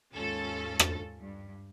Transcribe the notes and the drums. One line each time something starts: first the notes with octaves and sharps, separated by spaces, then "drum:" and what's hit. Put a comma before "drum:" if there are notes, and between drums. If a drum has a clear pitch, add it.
D#2 G#2 C#4 F4 A4 A6
drum: rim click
G2